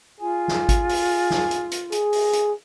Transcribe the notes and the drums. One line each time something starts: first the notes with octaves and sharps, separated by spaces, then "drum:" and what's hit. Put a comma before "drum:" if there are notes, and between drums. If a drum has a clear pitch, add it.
F4 G#4
drum: snare
drum: kick G#1, hi-hat
drum: open hi-hat
drum: snare
drum: hi-hat
drum: hi-hat
G#4, drum: hi-hat
drum: open hi-hat
drum: hi-hat